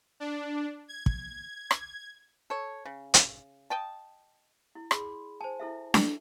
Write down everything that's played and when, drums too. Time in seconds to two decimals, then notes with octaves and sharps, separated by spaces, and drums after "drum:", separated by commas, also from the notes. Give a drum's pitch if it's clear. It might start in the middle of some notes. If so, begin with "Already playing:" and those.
0.20 D4
0.88 G#6
1.06 drum: kick
1.71 drum: rim click
2.50 A4 C#5
2.85 C#3
3.14 drum: hi-hat
3.70 D#5 G5 A5
4.75 E4
4.91 G#4 D5 B5 C6, drum: rim click
5.41 C5 G#5 A5
5.60 E4 A4 E5
5.94 drum: snare D4